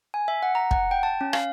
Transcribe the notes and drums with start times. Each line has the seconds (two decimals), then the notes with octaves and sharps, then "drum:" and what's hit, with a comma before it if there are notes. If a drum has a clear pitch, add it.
0.14 G#5
0.28 E5
0.43 F#5
0.55 A#5
0.71 F#5, drum: kick
0.91 G5
1.03 A5
1.21 C#4
1.33 F5, drum: rim click